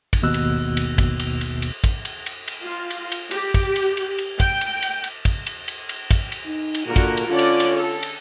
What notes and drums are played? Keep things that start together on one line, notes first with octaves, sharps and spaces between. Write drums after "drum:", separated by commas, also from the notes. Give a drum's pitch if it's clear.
drum: kick, cymbal
G#1 D#2 B2 E6 F#6
drum: cymbal
drum: cymbal
drum: kick, cymbal
drum: cymbal
drum: cymbal
drum: cymbal
drum: kick, cymbal
drum: cymbal
drum: cymbal
drum: cymbal
F4
drum: cymbal
drum: cymbal
G4, drum: cymbal
drum: kick, cymbal
drum: cymbal
drum: cymbal
drum: cymbal
G5, drum: kick, cymbal
drum: cymbal
drum: cymbal
drum: cymbal
drum: kick, cymbal
drum: cymbal
drum: cymbal
drum: cymbal
drum: kick, cymbal
drum: cymbal
D#4
drum: cymbal
A#2 D3 F#4 A#4
drum: kick, cymbal
drum: cymbal
D3 C#4 F4 D5
drum: cymbal
drum: cymbal
A4
drum: cymbal